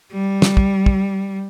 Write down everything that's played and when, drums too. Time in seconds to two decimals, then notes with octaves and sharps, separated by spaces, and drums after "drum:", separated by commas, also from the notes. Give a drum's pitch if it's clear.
0.13 G3
0.42 drum: snare
0.57 drum: kick
0.86 drum: kick